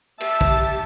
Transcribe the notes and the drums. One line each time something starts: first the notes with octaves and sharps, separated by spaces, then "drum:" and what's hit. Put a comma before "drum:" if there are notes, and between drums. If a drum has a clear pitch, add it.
G4 E5 A5, drum: cymbal
drum: kick